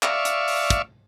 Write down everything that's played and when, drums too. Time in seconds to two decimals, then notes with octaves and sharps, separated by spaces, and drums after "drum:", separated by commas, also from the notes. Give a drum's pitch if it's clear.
0.03 D5 E5 F5 C#6, drum: clap
0.25 drum: hi-hat
0.48 drum: open hi-hat
0.70 drum: kick, hi-hat